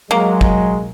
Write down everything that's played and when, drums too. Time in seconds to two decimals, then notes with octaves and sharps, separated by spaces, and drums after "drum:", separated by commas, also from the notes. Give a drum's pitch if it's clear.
0.11 F#3 G#3 A#3
0.41 drum: kick